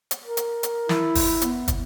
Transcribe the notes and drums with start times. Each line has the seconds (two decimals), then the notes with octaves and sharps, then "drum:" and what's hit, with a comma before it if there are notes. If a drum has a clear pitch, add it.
0.11 drum: hi-hat
0.25 A#4
0.37 drum: hi-hat
0.63 drum: hi-hat
0.89 E4, drum: snare
1.15 drum: kick, open hi-hat
1.41 B3, drum: hi-hat
1.68 drum: kick, hi-hat